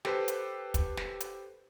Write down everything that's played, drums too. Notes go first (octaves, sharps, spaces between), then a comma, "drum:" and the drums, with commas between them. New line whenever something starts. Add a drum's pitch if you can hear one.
G4 A4 B4 C5, drum: snare
drum: hi-hat
drum: kick, hi-hat
drum: snare
drum: hi-hat